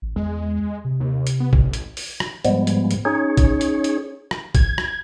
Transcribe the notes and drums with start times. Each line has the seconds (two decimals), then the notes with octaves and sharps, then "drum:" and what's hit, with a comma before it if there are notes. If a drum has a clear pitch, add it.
0.02 A1
0.16 E2 G#3
0.85 C3
1.00 D#2
1.27 drum: hi-hat
1.40 B3
1.53 A1, drum: kick A1
1.73 drum: hi-hat
1.97 drum: open hi-hat
2.20 drum: rim click
2.45 G#2 F3 G3 G#3 B3, drum: hi-hat
2.67 drum: hi-hat
2.91 drum: hi-hat
3.05 C#4 D#4 G#4 C#5
3.37 drum: kick A1, hi-hat
3.61 drum: hi-hat
3.84 drum: hi-hat
4.31 drum: rim click
4.55 G#6, drum: kick A1, hi-hat
4.78 drum: rim click